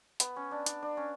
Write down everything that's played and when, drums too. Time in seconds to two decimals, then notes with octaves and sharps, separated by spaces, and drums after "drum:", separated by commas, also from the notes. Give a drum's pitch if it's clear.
0.20 B3, drum: hi-hat
0.36 C#4
0.51 D4
0.66 D4, drum: hi-hat
0.82 D4
0.97 C#4